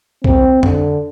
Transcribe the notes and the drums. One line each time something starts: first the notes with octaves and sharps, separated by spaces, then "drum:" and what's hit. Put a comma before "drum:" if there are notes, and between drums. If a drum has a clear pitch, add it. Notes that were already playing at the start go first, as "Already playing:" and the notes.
C4, drum: kick
D3, drum: tom F2